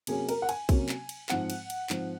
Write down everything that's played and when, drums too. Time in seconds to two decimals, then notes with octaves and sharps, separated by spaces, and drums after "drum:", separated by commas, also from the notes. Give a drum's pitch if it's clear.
0.07 C3 F#3 A#3 C#4 G#4, drum: cymbal
0.29 A#4, drum: cymbal
0.42 F#5
0.49 G#5, drum: cymbal
0.69 C3 F#3 A#3 C#4, drum: kick A#1, cymbal
0.89 drum: clap
1.09 drum: cymbal
1.29 G#2 F3 C4 F#5, drum: clap
1.50 drum: cymbal
1.70 drum: cymbal
1.90 G#2 F3 C4, drum: clap